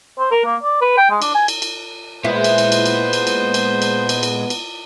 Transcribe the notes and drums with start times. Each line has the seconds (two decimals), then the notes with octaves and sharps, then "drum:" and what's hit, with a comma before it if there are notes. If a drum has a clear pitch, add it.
0.19 C5
0.31 A#4
0.45 A#3
0.63 D5
0.81 B4
0.97 G5
1.10 G#3
1.22 D4, drum: cymbal
1.35 G#5
1.48 drum: cymbal
1.62 drum: cymbal
2.25 A#2 G#3 B3 E4 C5
2.44 drum: cymbal
2.58 drum: cymbal
2.72 drum: cymbal
2.86 drum: cymbal
3.13 drum: cymbal
3.27 drum: cymbal
3.54 drum: cymbal
3.82 drum: cymbal
4.09 drum: cymbal
4.23 drum: cymbal
4.50 drum: cymbal